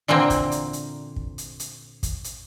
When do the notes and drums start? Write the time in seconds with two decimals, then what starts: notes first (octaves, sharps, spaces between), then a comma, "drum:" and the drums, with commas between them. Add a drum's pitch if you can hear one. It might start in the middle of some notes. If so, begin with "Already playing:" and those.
0.08 A#2 D3 E3 A#3 C4
0.30 drum: kick, hi-hat
0.52 drum: hi-hat
0.73 drum: hi-hat
1.16 drum: kick
1.38 drum: hi-hat
1.60 drum: hi-hat
2.03 drum: kick, hi-hat
2.24 drum: hi-hat